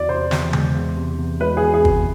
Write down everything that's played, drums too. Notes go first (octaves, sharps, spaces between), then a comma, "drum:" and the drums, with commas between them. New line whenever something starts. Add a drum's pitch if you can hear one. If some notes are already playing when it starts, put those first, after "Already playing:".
Already playing: E2 D5
C3 C5
E2, drum: snare
G#3, drum: tom C#3
E2
C3
E2
G#3 B4
G#4
E2
G#4
C3, drum: kick